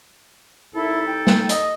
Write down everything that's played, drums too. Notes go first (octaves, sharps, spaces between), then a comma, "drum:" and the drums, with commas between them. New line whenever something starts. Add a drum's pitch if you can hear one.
C2 D#4 E4 A4
G5
G5, drum: snare
D#5, drum: hi-hat